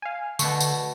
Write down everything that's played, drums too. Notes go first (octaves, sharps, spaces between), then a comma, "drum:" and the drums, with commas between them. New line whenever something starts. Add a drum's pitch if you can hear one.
F5 G#5
B2 D3 A3 C#6, drum: tambourine
drum: tambourine